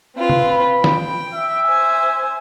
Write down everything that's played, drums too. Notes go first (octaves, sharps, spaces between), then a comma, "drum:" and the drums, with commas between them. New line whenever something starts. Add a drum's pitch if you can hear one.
C4 F4 B4
drum: tom C3
B5
G5, drum: snare
E5
C5 G#5